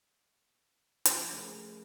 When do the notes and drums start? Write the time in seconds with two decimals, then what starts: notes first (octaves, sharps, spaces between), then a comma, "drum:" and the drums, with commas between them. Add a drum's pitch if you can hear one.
1.05 F3 C#4, drum: hi-hat
1.33 A3 G#4 A#4